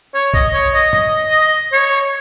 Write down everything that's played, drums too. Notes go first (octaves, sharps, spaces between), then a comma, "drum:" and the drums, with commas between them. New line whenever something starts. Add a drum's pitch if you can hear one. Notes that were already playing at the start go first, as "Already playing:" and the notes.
C#5
D#5, drum: kick B1
C#5
D#5
D#5, drum: tom
C#5